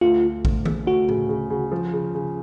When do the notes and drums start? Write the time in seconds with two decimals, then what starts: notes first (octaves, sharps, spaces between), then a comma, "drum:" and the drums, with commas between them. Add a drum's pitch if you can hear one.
0.01 D2 F4
0.23 D2
0.45 D2, drum: kick
0.65 C#3, drum: tom D#3
0.86 D2 F#4
1.09 C#3, drum: tom A2
1.29 C#3
1.50 C#3
1.72 F3
1.93 C#3
2.15 C#3